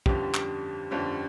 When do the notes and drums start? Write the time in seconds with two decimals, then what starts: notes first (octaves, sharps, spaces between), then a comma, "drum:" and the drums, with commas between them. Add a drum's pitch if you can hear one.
0.06 G1 F2 D3 G3 C#4 G4, drum: kick
0.34 drum: clap
0.91 G1 F2 D3 G3 C#4